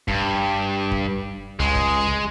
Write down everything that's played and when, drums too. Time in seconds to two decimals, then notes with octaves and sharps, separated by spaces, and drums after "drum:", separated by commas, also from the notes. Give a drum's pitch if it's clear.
0.08 G2, drum: kick
0.92 drum: kick
1.60 C#2 G#3
1.75 drum: kick